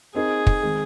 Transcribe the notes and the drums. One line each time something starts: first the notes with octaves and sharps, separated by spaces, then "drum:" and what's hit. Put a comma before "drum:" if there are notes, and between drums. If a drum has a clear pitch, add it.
C4 D#4 G#4 A#4 D#5
drum: kick
D#3 G#3 C4